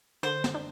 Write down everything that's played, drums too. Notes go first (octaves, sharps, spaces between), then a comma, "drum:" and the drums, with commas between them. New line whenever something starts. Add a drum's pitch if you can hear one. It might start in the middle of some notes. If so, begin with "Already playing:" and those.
D3 C5, drum: hi-hat
drum: snare
D4